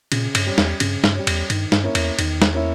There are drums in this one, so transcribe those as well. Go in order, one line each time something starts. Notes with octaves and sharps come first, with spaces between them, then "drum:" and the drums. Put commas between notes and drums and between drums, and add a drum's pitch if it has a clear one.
A#2 C#3, drum: cymbal
G2, drum: cymbal
G3 C#4
E2, drum: snare
G2 C#3, drum: cymbal
G2, drum: snare
G3 C#4
E2, drum: cymbal
G2 D#3, drum: cymbal
G2, drum: snare
A#3 C#4 E4
E2, drum: cymbal
E2 D#3, drum: cymbal
drum: snare
A#3 C#4 E4